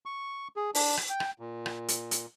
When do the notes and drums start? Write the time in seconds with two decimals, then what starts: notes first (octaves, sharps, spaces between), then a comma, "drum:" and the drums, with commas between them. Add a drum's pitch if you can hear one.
0.06 C#6
0.56 G#4
0.75 D4, drum: open hi-hat
0.97 drum: rim click
1.10 G5
1.20 drum: rim click
1.40 A#2
1.66 drum: rim click
1.88 drum: hi-hat
2.11 drum: hi-hat